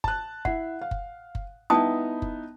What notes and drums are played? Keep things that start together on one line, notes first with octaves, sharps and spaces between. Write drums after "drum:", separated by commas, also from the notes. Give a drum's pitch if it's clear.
A5 F#6, drum: kick F#1
E4 F#5, drum: kick F#1
F5
drum: kick F#1
drum: kick F#1
B3 D#4 E4 G5 A5 D#6
drum: kick F#1